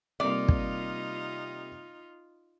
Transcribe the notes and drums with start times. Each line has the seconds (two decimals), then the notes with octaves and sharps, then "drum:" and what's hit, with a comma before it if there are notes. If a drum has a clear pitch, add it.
0.20 C3 G3 A#3 D#4 F4 D5
0.48 drum: kick